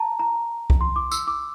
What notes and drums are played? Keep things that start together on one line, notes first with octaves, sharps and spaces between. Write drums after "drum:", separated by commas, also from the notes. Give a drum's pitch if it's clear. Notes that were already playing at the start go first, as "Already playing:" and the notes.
Already playing: A5 A#5
A#5
drum: kick C2
C6
D6
E6, drum: tambourine
D6